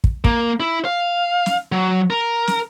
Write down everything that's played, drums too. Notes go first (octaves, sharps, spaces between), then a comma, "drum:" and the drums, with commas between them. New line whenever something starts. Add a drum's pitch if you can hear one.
drum: kick
A#3, drum: kick
E4
F5
drum: snare
F#3
A#4
drum: snare